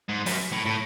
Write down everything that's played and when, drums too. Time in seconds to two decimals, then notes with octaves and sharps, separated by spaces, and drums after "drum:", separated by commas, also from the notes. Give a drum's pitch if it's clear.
0.08 G#2
0.26 F#2, drum: open hi-hat
0.52 A2
0.66 A2